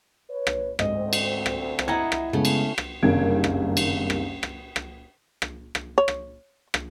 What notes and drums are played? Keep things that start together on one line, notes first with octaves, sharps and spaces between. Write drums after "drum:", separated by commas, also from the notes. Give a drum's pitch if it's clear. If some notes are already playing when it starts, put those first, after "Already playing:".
B4 C#5
drum: rim click
D2 G#2 C4 D#5, drum: rim click
drum: cymbal
drum: rim click
drum: rim click
E4 D#5 E5 F#5 A#5 G#6
drum: rim click
C#3 G#3 A3 B3 C#4
drum: cymbal
drum: rim click
F#1 G2 C3 D#3 G#6 D7
drum: rim click
drum: cymbal
drum: rim click
drum: rim click
drum: rim click
drum: rim click
drum: rim click
C#5
drum: rim click
drum: rim click